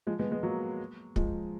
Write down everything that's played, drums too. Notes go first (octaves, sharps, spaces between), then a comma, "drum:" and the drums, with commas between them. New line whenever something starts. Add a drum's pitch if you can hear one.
F3 G#3
G#3 B3
G#3 B3
F#3 A#3
F3 G#3, drum: kick